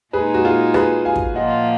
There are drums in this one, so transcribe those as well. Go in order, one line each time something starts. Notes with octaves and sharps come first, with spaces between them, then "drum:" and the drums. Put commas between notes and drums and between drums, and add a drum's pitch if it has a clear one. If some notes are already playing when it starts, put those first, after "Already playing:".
A#2 G#3 D#4 G#4 B4
F#4
F4 G#4
G#4 B4, drum: rim click
F5 G#5
drum: kick
A#2 F3 A#3 F4 D#5 F#5